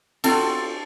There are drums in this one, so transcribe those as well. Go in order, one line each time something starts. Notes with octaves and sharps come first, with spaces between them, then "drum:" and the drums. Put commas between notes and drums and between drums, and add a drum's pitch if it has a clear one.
C4 F4 F#4 A4, drum: cymbal